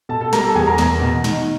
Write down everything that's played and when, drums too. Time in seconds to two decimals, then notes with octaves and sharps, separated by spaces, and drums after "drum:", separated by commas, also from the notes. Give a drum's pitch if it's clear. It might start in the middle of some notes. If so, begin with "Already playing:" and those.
0.09 B2 A4 A5
0.20 A4 A5
0.33 G3 A#4 A#5, drum: snare
0.44 A4 A5
0.55 E2 G#4 G#5
0.67 A#4 A#5
0.78 E2, drum: snare
1.02 B2
1.24 D#3, drum: snare